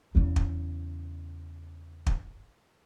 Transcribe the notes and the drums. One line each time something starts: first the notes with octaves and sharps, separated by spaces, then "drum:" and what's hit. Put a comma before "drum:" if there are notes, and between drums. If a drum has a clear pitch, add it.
E2 C#3
drum: kick
drum: kick